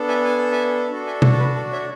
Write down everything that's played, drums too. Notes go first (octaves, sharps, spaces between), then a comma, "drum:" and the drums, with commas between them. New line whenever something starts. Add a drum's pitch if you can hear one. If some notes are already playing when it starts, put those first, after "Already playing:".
Already playing: B3 D4 A4
E5 G#5
G#5
A5
E5 G#5
D4 F#4 A4
E5 G#5
drum: tom B2
A4
B4
A4
C#5 E5